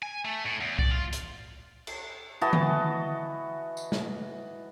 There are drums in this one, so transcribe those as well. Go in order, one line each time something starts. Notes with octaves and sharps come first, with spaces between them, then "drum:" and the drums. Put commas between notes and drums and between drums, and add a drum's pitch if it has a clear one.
G#5
A3
A2
E2
D5, drum: kick C2
F4
drum: hi-hat
drum: cymbal
E3 F#4 D#5 A5
drum: tom D3
drum: tambourine
drum: snare